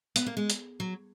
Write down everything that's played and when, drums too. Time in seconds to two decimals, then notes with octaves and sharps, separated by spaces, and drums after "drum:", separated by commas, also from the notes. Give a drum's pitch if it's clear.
0.16 B3, drum: hi-hat
0.26 A#3
0.37 G#3
0.50 drum: hi-hat
0.80 F#3